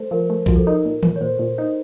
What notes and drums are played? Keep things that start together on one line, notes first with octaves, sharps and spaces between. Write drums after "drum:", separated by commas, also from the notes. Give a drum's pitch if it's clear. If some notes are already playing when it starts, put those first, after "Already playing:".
Already playing: A3 C5
F3 A#4
A3
F3 F#4, drum: kick B1
A4
D#4 A#4
A#2
A#2, drum: tom D#3
C#5
A#2 C5
A#2
D#4